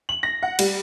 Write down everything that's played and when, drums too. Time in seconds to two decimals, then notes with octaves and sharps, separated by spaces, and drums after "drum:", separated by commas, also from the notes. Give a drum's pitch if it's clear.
0.09 F#7
0.23 A#6
0.43 F#5
0.59 G3, drum: cymbal